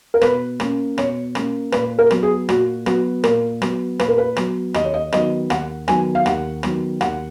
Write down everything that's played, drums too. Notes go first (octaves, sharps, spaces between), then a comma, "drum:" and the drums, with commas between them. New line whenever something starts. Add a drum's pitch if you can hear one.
A#4
B2 B4, drum: rim click
A#3 C#4, drum: rim click
B2 C#5, drum: rim click
A#3 C#4, drum: rim click
A#2 B4, drum: rim click
A#4
F#3 B3, drum: rim click
G#4
A#2 F#4, drum: rim click
F#3 B3 F#4, drum: rim click
A#2 A#4, drum: rim click
F#3 B3, drum: rim click
A#2 B4, drum: rim click
A#4
B4
F#3 B3, drum: rim click
D#2 D#5, drum: rim click
C#5
D#5
D#3 F#3 B3 D#5, drum: rim click
D#2 F#5, drum: rim click
D#3 F#3 B3 G#5, drum: rim click
F5
D#2 F#5, drum: rim click
D#3 F#3 B3, drum: rim click
D#2 F#5, drum: rim click